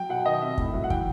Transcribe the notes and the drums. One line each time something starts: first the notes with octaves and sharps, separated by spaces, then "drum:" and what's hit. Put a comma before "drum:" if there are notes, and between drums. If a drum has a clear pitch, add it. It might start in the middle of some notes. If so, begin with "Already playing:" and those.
Already playing: F#3 G5
B2 F#5
D#3 D#5
C3 E5
A2, drum: kick
F#3
F#5
E3 G5, drum: kick